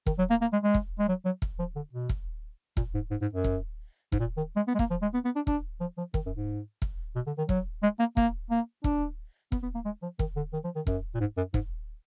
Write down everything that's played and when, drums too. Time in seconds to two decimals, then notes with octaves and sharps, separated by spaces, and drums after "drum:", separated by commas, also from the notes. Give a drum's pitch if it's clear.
0.06 D#3, drum: kick E1
0.19 F#3
0.30 A#3
0.41 A#3
0.53 G#3
0.63 G#3
0.74 drum: kick E1
0.99 G#3
1.08 F#3
1.25 F#3
1.42 drum: kick E1
1.59 F3
1.76 D3
1.93 B2
2.09 drum: kick E1
2.77 A#2, drum: kick E1
2.94 G#2
3.11 G#2
3.21 G#2
3.33 F#2
3.44 drum: kick E1
4.12 G#2, drum: kick E1
4.20 A#2
4.37 D#3
4.56 G#3
4.67 B3
4.75 G#3
4.79 A#3, drum: kick E1
4.91 F3
5.02 G#3
5.13 B3
5.25 B3
5.36 D4
5.47 D4, drum: kick E1
5.80 F3
5.98 F3
6.14 D#3, drum: kick E1
6.26 F#2
6.36 G#2
6.82 drum: kick E1
7.15 B2
7.26 D3
7.38 D#3
7.49 F#3, drum: kick E1
7.83 G#3
7.99 A#3
8.17 A#3, drum: kick E1
8.50 A#3
8.84 D4, drum: kick E1
9.52 B3, drum: kick E1
9.62 B3
9.74 A#3
9.85 G#3
10.02 F3
10.19 D#3, drum: kick E1
10.36 D3
10.53 D#3
10.64 F3
10.75 D#3
10.87 F#2, drum: kick E1
11.15 A#2
11.20 G#2
11.37 F#2
11.54 G#2, drum: kick E1